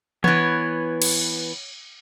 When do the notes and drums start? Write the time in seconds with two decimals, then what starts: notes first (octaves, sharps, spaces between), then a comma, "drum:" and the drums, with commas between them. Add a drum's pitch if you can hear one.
0.24 E3 B3 C#5, drum: tom E3
1.02 drum: cymbal